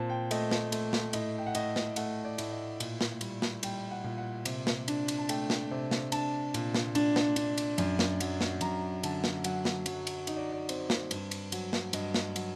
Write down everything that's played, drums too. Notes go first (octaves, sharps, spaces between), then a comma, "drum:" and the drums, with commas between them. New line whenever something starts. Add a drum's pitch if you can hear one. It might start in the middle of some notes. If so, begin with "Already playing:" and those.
Already playing: A#2 C4 A5
G5
A3 D#5, drum: cymbal
drum: snare
A3, drum: cymbal
drum: snare
A2 D#5, drum: cymbal
G5
F#5
A2 D#5, drum: cymbal
drum: snare
A3 F#5, drum: cymbal
D5
A2, drum: cymbal
D#5
A#2, drum: cymbal
drum: snare
G3, drum: cymbal
drum: snare
G3 G5, drum: cymbal
F#5
A#2
F#5
C3, drum: cymbal
drum: snare
D4, drum: cymbal
drum: cymbal
A5
A3 G5, drum: cymbal
drum: snare
C3
drum: snare
D4 A5, drum: cymbal
A#2, drum: cymbal
drum: snare
D4, drum: cymbal
drum: snare
D4, drum: cymbal
drum: cymbal
F#2, drum: cymbal
drum: snare
F#3, drum: cymbal
drum: snare
F#2 A#5, drum: cymbal
D3 A5, drum: cymbal
drum: snare
F#3 F#5, drum: cymbal
drum: snare
F#3, drum: cymbal
drum: cymbal
D#4 D#5, drum: cymbal
D5
D5
C4, drum: cymbal
drum: snare
G2, drum: cymbal
drum: cymbal
F#3, drum: cymbal
drum: snare
G2 D#5, drum: cymbal
drum: snare
F#3, drum: cymbal